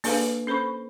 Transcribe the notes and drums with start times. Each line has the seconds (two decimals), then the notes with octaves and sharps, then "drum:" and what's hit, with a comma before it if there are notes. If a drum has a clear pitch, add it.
0.04 A#3 D4 A4 B4 F5, drum: open hi-hat
0.47 C#4 A4 C5 B5 C#6